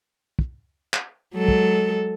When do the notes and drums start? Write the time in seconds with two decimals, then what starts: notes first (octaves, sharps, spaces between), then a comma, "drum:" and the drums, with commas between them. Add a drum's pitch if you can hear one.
0.39 drum: kick
0.94 drum: clap
1.35 F#3 G#3 A4
1.48 drum: kick